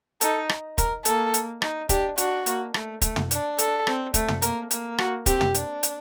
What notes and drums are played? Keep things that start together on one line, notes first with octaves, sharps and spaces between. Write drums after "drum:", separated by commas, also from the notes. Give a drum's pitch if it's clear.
D#4 A4, drum: hi-hat
drum: rim click
A#4, drum: kick, hi-hat
A#3 A4, drum: hi-hat
drum: hi-hat
D#4, drum: rim click
D4 G4, drum: kick, hi-hat
D4 F#4, drum: hi-hat
A#3, drum: hi-hat
A3, drum: rim click
A3, drum: kick, hi-hat
drum: tom
D4, drum: hi-hat
A4, drum: hi-hat
C4, drum: rim click
A3, drum: kick, hi-hat
drum: tom
A#3 A#4, drum: hi-hat
A#3, drum: hi-hat
F#4, drum: rim click
C4 G4, drum: kick, hi-hat
drum: tom
D4, drum: hi-hat
drum: hi-hat